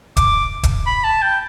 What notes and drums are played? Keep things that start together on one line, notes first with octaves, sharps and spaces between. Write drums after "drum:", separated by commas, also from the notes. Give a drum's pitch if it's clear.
D6, drum: kick, hi-hat
drum: kick, hi-hat
B5
A5
G5